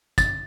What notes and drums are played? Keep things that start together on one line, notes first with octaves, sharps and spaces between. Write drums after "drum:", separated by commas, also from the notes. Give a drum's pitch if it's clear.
A6, drum: kick, tambourine